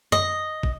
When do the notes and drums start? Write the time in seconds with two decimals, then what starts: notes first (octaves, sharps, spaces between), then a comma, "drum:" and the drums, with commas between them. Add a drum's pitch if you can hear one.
0.12 D#5, drum: tom F#2
0.63 drum: kick